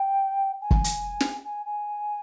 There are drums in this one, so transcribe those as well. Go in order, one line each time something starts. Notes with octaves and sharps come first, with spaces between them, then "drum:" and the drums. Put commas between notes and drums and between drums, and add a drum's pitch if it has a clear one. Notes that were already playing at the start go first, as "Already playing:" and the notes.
Already playing: G5
G#5
drum: kick F#1
drum: hi-hat
drum: snare
G#5
G#5